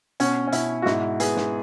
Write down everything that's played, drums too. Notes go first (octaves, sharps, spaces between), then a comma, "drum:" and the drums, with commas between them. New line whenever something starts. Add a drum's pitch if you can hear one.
B2 C#4, drum: hi-hat
C#4
B2 E4, drum: hi-hat
F#4
G#2 E4, drum: snare
B3 G#4, drum: hi-hat
drum: snare